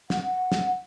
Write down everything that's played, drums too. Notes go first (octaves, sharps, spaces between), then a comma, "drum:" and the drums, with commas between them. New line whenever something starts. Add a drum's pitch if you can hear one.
F#5, drum: snare
drum: snare